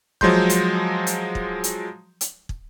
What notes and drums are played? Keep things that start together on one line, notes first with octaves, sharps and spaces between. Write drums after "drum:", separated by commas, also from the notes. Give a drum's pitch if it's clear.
F3 F#3 G#3 C6 G6, drum: kick
drum: hi-hat
drum: hi-hat
drum: kick
drum: hi-hat
drum: hi-hat
drum: kick